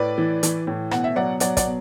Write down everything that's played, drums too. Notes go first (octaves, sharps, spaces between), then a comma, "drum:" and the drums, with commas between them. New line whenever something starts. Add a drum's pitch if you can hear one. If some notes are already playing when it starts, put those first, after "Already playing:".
Already playing: A2 B4 D5
E3
E3, drum: hi-hat
A2
B2 F#5, drum: rim click
E5
F#3 D5 F#5
F#3 D5 F#5, drum: hi-hat
D5 F#5, drum: kick, hi-hat
B2